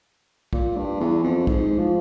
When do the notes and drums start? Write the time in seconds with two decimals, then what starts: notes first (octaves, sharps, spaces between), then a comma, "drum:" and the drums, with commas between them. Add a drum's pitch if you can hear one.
0.53 A#2, drum: kick
0.76 G2
1.00 E2
1.23 F2
1.47 G#2, drum: kick
1.78 F3